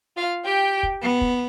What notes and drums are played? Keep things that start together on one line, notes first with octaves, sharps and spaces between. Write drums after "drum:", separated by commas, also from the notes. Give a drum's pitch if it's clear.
F4 F5
G4 G5
drum: kick
B3
drum: kick